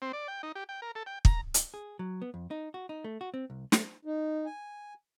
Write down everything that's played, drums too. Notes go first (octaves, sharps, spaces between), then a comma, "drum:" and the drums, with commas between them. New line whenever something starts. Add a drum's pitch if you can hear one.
C4
D5
G5
D#4
G4
G5
A#4
A4
G5
A#5, drum: kick
drum: hi-hat
G#4
F#3
B3
F2
D#4
F#4
D#4
A3
F#4
C4
C2
A3, drum: snare
D#4
G#5